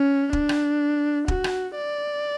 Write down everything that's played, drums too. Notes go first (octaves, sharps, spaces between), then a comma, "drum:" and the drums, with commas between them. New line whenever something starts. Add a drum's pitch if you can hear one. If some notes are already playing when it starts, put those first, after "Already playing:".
Already playing: C#4
D4, drum: kick
drum: rim click
F#4, drum: kick
drum: rim click
D5